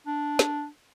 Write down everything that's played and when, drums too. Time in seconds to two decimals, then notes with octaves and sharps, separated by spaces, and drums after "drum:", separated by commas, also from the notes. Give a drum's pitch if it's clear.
0.07 D4
0.39 drum: snare